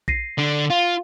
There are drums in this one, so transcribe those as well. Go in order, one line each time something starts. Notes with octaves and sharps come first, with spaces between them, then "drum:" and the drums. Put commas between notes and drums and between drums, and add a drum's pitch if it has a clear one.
A#6 C7 D#7, drum: kick A#1
D3 D4
F4 F5